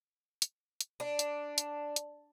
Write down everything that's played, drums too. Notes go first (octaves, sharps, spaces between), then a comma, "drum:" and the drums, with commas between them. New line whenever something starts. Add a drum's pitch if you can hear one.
drum: hi-hat
drum: hi-hat
D4
drum: hi-hat
drum: hi-hat
drum: hi-hat